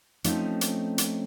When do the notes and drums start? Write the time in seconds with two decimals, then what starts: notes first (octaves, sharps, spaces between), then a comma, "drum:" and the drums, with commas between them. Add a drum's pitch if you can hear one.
0.24 F3 A3 C4 C#4 D#4, drum: hi-hat
0.61 drum: hi-hat
0.98 drum: hi-hat